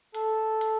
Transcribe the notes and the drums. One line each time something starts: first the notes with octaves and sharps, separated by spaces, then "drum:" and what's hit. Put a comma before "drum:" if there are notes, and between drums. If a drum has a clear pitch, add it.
A4, drum: hi-hat
drum: hi-hat